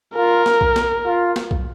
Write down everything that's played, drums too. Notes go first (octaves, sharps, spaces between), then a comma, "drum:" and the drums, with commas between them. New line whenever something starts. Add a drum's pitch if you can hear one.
F4 A#4
drum: snare
drum: kick B1
drum: snare
F4
drum: snare
drum: kick B1